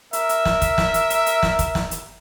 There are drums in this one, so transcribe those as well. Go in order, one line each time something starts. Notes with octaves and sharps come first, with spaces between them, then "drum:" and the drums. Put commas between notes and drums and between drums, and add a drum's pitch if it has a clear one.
A#4 E5, drum: hi-hat
drum: hi-hat
drum: snare
drum: kick, hi-hat
drum: snare
drum: hi-hat
drum: hi-hat
drum: hi-hat
drum: snare
drum: kick, hi-hat
drum: snare
drum: hi-hat